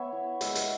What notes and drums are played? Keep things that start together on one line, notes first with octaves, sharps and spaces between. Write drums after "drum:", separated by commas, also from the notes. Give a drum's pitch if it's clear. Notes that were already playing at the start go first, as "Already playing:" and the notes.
Already playing: B3 C#5 E5
E4
G#3 E5, drum: hi-hat
drum: hi-hat